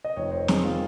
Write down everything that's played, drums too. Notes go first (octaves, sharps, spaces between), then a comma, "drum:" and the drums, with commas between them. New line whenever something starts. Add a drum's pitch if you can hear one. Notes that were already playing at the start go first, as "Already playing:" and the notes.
D#5
F1 F2 D#3 C#5
C5
G#4, drum: snare
D#3 F4